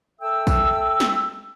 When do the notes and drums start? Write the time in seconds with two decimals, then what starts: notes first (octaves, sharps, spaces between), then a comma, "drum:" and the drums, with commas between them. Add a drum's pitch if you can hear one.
0.20 A4 E5 G5 E6
0.47 drum: kick A#1, tambourine
1.00 drum: snare